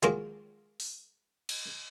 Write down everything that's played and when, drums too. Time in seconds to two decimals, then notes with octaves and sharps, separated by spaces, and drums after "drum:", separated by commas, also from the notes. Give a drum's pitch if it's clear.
0.03 D#3 F#3 G#3 A#3 F4 A#4, drum: hi-hat
0.80 drum: open hi-hat
1.49 drum: cymbal